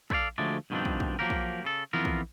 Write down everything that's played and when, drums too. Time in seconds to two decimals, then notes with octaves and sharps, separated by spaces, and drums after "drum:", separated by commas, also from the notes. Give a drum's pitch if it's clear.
0.10 A4 B4 C#5 D5 F5, drum: kick
0.38 D2 F3 F#3 G#3 A3 D5
0.70 G2 B2 D#3 F3 C4 D4
0.85 drum: kick
1.00 drum: kick
1.19 F3 F#3 A#3 G4 A#4
1.30 drum: kick
1.64 C#3 A4
1.93 F2 E3 B3 F4 A#4
2.05 drum: kick